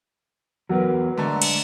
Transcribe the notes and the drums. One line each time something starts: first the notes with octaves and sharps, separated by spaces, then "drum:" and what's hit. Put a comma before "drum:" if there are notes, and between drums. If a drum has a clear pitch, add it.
E2 F#3 A#4 B4
D3 G#3 A3 A#5
drum: cymbal